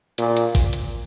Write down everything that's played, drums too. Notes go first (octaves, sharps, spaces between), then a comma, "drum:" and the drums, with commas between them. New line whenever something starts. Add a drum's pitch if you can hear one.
A#2, drum: hi-hat
drum: hi-hat
drum: kick A1, open hi-hat
drum: hi-hat